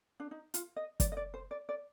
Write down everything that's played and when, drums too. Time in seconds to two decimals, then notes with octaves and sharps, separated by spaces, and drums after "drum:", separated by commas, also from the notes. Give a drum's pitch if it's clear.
0.20 D4
0.31 D#4
0.54 F4, drum: hi-hat
0.76 D#5
1.00 D5, drum: kick, hi-hat
1.12 D#5
1.17 D5
1.34 C5
1.51 D5
1.69 D5